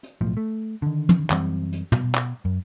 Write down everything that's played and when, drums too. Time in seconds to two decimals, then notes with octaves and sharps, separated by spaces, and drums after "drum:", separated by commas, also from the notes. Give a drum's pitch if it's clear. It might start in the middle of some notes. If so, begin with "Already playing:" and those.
0.03 drum: hi-hat
0.21 B1 A2 F3
0.37 A3
0.82 D3 D#3
1.09 drum: tom
1.30 F#2 E3 G3 C4, drum: clap
1.72 drum: hi-hat
1.92 B2, drum: tom
2.15 drum: clap
2.45 F#2